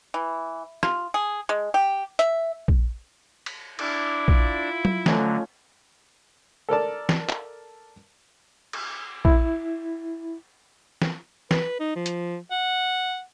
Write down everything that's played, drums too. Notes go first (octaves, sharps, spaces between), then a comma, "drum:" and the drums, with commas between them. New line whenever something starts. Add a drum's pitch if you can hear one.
E3
F4, drum: rim click
G#4
G#3
G4
E5, drum: hi-hat
drum: kick A#1
drum: cymbal
D4 E4 D5, drum: cymbal
F4, drum: kick A#1
drum: tom F#3
D3 F3 F#3 A3 C#4 D#4, drum: snare
A4 A#4 D5 A5
drum: snare
drum: clap
drum: cymbal
E4, drum: kick A#1
drum: snare
B4, drum: snare
D#4
F3
drum: hi-hat
F#5